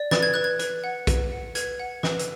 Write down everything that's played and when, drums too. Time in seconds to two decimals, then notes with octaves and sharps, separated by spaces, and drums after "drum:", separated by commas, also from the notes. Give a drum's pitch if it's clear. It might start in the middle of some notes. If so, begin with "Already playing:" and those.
Already playing: D5
0.11 B4 A6, drum: snare
0.22 G#6
0.34 B4 F#6
0.44 G#6
0.59 B4, drum: hi-hat
0.84 F#5
1.07 B4, drum: kick, hi-hat
1.32 F#5
1.55 B4 G#6, drum: hi-hat
1.80 F#5
2.03 B4, drum: snare
2.19 drum: hi-hat